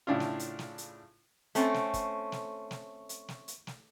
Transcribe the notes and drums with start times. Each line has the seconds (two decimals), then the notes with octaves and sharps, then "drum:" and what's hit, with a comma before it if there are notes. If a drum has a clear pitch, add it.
0.07 A2 C#3 D4 E4 F4
0.20 drum: snare
0.39 drum: hi-hat
0.59 drum: snare
0.78 drum: hi-hat
1.55 A3 C4 C#4, drum: hi-hat
1.74 drum: snare
1.94 drum: kick, hi-hat
2.32 drum: snare
2.71 drum: snare
3.09 drum: hi-hat
3.28 drum: snare
3.48 drum: hi-hat
3.67 drum: snare